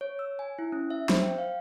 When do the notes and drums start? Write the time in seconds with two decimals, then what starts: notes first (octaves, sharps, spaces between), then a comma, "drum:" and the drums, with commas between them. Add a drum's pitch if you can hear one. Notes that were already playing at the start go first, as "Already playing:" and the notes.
0.01 C#5
0.19 E6
0.39 G#5
0.59 E4
0.72 C#4
0.90 E5
1.09 C5, drum: snare
1.23 G5
1.38 F5